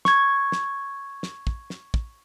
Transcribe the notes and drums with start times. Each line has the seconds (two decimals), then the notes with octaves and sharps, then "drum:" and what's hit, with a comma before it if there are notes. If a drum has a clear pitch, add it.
0.05 C#6 G#6, drum: snare
0.52 drum: snare
1.23 drum: snare
1.47 drum: kick
1.70 drum: snare
1.94 drum: kick